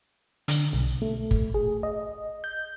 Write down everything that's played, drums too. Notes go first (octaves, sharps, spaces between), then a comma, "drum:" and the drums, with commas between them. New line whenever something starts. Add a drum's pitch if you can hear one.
D3, drum: hi-hat
B1
A3
drum: kick G1
G#4
D#5
G6